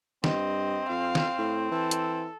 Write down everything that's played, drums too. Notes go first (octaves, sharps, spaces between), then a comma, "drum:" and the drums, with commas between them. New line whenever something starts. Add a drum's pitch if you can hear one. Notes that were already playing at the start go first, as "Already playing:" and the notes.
G2 C4 D#5, drum: snare
F2 F5
drum: snare
A2
E3 A4
drum: hi-hat